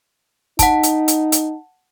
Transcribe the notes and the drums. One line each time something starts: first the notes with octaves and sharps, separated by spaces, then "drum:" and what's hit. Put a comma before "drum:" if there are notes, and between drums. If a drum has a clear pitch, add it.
D#4 F#5 A5, drum: kick, hi-hat
drum: hi-hat
drum: hi-hat
drum: hi-hat